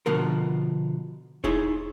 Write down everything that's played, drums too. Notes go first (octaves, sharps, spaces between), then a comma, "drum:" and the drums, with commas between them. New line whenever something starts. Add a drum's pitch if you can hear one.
B2 D3 F3 A#4
D#4 E4 G#4 C#5, drum: kick E1